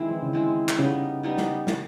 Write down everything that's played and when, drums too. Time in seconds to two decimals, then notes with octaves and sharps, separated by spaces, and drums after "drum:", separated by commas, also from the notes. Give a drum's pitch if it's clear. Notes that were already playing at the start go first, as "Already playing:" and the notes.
Already playing: D#3 G#3 C4 E4
0.11 E3
0.23 C#3
0.33 D3 G#3 C4 E4
0.69 drum: clap
0.78 C#3 G3 B3 D#4
1.23 G3 B3 D#4
1.37 drum: snare
1.67 drum: snare